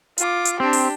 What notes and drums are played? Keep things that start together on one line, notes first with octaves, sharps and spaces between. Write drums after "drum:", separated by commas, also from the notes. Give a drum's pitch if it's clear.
F4 D6, drum: hi-hat
drum: hi-hat
C4 D4 G4
drum: open hi-hat